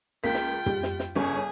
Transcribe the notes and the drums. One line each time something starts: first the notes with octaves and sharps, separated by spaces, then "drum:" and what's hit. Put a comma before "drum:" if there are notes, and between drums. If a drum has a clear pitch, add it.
C#2 A#3 F4 G5 B6
drum: snare
G3, drum: tom
drum: snare
drum: snare
G1 C#3 G#4 C#5 G#5